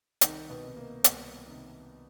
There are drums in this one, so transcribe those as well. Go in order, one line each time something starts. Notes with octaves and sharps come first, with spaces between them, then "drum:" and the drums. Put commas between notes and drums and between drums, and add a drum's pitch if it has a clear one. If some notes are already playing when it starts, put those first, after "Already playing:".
C2 D#3 D#4, drum: hi-hat
B2 B3
C3 D#3
A#3
C2, drum: hi-hat
C3 D#3